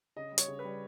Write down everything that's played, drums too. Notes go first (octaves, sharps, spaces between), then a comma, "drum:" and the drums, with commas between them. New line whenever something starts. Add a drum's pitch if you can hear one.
C#3 D#5
G3
C#5, drum: hi-hat
C#3
B4
G3